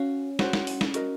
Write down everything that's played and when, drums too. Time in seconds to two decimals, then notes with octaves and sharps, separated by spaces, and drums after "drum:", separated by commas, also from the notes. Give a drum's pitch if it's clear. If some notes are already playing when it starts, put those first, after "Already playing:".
Already playing: C#4 F#4 F5
0.39 C#4 F#4 C5, drum: snare
0.53 drum: snare
0.67 drum: open hi-hat
0.81 drum: snare
0.94 F#4 A#4 D#5, drum: hi-hat